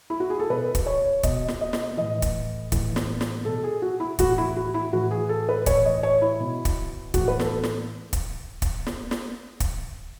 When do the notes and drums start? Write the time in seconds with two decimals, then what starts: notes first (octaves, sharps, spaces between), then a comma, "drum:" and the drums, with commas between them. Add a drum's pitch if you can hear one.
0.10 E4
0.20 F#4
0.30 G#4
0.40 A4
0.50 B2 B4
0.75 drum: kick, hi-hat
0.86 C#5
1.23 B2 D#5, drum: kick, hi-hat
1.48 drum: snare
1.61 D#5
1.73 drum: snare
1.97 A2 E3 D#5
2.22 drum: kick, hi-hat
2.72 A2 E3, drum: kick, hi-hat
2.96 drum: snare
3.21 drum: snare
3.45 B2 A4
3.64 G#4
3.82 F#4
4.00 E4
4.19 A2 E3 F#4, drum: kick, hi-hat
4.38 E4
4.56 F#4
4.74 E4
4.93 A2 E3 F#4
5.11 G#4
5.29 A4
5.49 B4
5.66 A2 E3 C#5, drum: kick, hi-hat
5.85 D#5
6.03 C#5
6.22 E4
6.40 B2
6.65 drum: kick, hi-hat
7.14 A2 E3 F#4, drum: kick, hi-hat
7.28 B4
7.39 A4, drum: snare
7.63 drum: snare
8.13 drum: kick, hi-hat
8.62 drum: kick, hi-hat
8.87 drum: snare
9.11 drum: snare
9.60 drum: kick, hi-hat